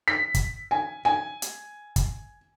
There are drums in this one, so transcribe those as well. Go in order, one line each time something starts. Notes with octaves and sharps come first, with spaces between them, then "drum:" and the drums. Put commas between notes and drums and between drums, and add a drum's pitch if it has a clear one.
B6
drum: kick, hi-hat
G#5
G#5
drum: hi-hat
drum: kick, hi-hat